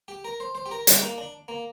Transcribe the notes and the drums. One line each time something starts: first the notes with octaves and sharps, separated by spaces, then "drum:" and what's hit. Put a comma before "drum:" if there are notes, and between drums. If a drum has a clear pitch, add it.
G4
A#4
C5
C5
G4
A#4
G3, drum: hi-hat
A#3
D4
A#3